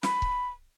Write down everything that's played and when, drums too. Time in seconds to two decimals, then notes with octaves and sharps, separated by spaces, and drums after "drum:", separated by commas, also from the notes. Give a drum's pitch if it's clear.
0.03 B5, drum: snare
0.22 drum: kick C#1